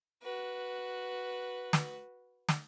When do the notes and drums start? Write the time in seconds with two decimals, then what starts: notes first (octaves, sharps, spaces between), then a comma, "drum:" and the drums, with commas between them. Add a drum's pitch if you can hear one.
0.22 F#4 B4
1.73 drum: snare
2.49 drum: snare